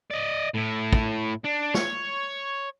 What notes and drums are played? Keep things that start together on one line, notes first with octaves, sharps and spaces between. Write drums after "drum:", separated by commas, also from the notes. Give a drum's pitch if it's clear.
D5 D#5
A2 E4
drum: kick
D4
C#5, drum: snare